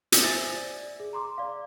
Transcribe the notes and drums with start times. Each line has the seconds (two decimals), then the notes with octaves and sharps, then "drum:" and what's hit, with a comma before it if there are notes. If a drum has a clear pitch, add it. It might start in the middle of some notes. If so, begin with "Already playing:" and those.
0.12 drum: hi-hat
0.22 C5 E5 G#5 E6 A6 A#6
0.56 D5
1.00 G#4
1.13 A#5 C6 D6
1.38 D5 F5